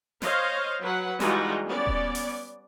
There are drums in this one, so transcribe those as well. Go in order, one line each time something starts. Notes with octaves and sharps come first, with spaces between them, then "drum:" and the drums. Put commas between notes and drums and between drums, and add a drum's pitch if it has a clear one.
C5 C#5 D#5 F5, drum: snare
F#3 B4 F#5
E3 G3 G#3 D#4 F4 F#4, drum: snare
B3 C#4 D5
drum: kick D#1
drum: open hi-hat